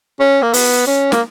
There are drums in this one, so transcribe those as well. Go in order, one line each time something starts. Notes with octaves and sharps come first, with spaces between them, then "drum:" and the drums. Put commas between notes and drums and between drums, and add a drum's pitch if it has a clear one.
C#4
A#3
B3, drum: open hi-hat
C#4
A#3, drum: snare